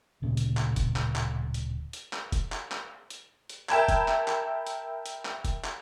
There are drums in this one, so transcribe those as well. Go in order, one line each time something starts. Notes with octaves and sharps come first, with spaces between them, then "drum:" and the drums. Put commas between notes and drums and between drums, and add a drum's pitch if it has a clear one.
D1 D2 A#2 C#3
drum: hi-hat
drum: clap
drum: kick F1, hi-hat
drum: clap
drum: clap
drum: hi-hat
drum: hi-hat
drum: clap
drum: kick F1, hi-hat
drum: clap
drum: clap
drum: hi-hat
drum: hi-hat
A#4 E5 G5 A5 B5 G#6, drum: clap
drum: kick F1, hi-hat
drum: clap
drum: clap
drum: hi-hat
drum: hi-hat
drum: clap
drum: kick F1, hi-hat
drum: clap